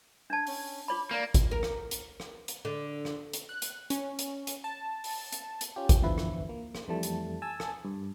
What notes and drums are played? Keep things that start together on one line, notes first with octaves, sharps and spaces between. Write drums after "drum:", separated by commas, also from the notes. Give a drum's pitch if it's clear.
D4 A5 G#6
C#4, drum: open hi-hat
F4 C#5 B5 D6
A#3 D5
drum: kick G#1, hi-hat
A#4
drum: rim click
drum: hi-hat
drum: rim click
drum: hi-hat
D3
drum: rim click
drum: hi-hat
F#6
drum: hi-hat
C#4, drum: hi-hat
drum: hi-hat
drum: hi-hat
A5
drum: open hi-hat
drum: hi-hat
drum: hi-hat
C#4 F4 G4
drum: kick G#1, hi-hat
G1 E2 D3 F3 E4 B4
drum: rim click
A#3
drum: rim click
F2 E3 G3 A3 A5
drum: hi-hat
G#5 A5 E6
drum: rim click
G2